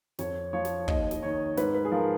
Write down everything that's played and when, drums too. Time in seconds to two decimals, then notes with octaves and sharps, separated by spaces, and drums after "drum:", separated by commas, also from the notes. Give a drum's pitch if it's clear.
0.19 F2 C#5, drum: snare
0.53 F3 C#5
0.65 drum: snare
0.88 D#2 D#5, drum: kick
1.11 drum: snare
1.22 D#3 C#5
1.57 G#2 B4, drum: snare
1.75 B4
1.85 G#4
1.92 F3 A#4